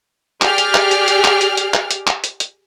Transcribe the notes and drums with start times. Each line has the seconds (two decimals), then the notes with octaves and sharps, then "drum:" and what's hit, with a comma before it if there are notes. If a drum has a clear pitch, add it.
0.42 G4 G#4 D5 G5 F6, drum: clap
0.58 drum: hi-hat
0.75 drum: clap
0.91 drum: hi-hat
1.08 drum: hi-hat
1.24 drum: clap
1.41 drum: hi-hat
1.57 drum: hi-hat
1.74 drum: clap
1.91 drum: hi-hat
2.07 drum: clap
2.24 drum: hi-hat
2.40 drum: hi-hat